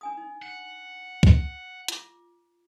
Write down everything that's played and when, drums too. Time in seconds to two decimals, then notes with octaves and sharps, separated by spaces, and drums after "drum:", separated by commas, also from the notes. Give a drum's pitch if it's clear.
0.01 D4 G#5 D#6
0.17 D#4
0.42 F#5
1.23 drum: kick
1.88 F4 D6, drum: hi-hat